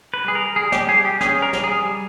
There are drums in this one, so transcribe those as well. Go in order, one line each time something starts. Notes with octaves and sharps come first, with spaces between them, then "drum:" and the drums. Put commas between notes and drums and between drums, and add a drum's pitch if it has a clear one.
B4
G3 G#4
A#4
G3 G#4
G4, drum: snare
G3 G#4
G4
C#4 G#4, drum: snare
A#4
G3, drum: snare
G#4
G3